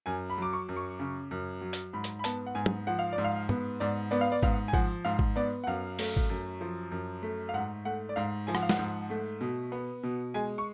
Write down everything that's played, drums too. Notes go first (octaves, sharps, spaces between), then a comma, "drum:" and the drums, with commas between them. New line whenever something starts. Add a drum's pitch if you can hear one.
F#2 G#5
B5
F#3 D6
C#6
F#2
C#6
C#3
F#2
F#3
drum: hi-hat
G#2 B5
drum: hi-hat
B5
B3 A5, drum: hi-hat
F#5
G#2 G#5
drum: tom
F3 F#5
F5
D5
G#2
F5
B3, drum: tom
G#2 D5
B3 D5
F5
D5
G#2 F5, drum: kick G#1
G#5
F3 F#5, drum: kick G#1
G#2 F5
drum: kick G#1
B3 D5
F#5
F#2 F5
A3, drum: open hi-hat
drum: kick G#1
F#2
F3
F#2
A3
F5
G#2 F#5
A3 F#5
D5
G#2 F5
F3 G#5
F#5, drum: rim click
F5
F#5, drum: snare
G#2
A3
B2
B3
B2
G#3 G#5
C#6